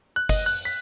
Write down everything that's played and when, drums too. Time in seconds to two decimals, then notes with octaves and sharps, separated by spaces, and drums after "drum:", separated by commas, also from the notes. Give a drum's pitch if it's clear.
0.16 F#6
0.29 D#5, drum: kick, open hi-hat
0.46 F#6
0.65 B6